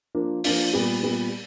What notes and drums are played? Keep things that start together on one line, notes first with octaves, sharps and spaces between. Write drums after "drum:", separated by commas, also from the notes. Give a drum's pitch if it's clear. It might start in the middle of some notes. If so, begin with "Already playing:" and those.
F3 A#3 D4 F4
F3 A#3 D4 F4, drum: open hi-hat
A#2 G3 B3
A#2 G3 B3